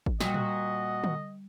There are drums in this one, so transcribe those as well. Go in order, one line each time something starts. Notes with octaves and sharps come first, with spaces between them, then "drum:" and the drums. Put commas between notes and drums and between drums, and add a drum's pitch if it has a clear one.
drum: kick G#1
A#2 G3 F#4 D#5 G5, drum: snare
drum: tom A#2
drum: tom D3